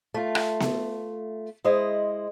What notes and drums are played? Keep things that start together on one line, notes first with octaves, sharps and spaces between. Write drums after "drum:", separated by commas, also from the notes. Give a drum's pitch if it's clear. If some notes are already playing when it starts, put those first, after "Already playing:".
A3 F4
drum: rim click
drum: snare B3
G#3 E4 C5 D#5